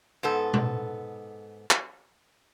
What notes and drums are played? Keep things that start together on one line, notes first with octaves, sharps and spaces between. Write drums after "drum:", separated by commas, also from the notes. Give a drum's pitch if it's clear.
G#2 B3 A4
drum: tom B2
drum: clap